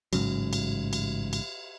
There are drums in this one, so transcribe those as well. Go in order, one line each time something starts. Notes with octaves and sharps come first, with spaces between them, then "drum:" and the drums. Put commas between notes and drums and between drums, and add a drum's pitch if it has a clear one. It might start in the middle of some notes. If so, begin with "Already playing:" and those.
A1 G#2 C#3 F#3, drum: cymbal
drum: cymbal
drum: cymbal
drum: cymbal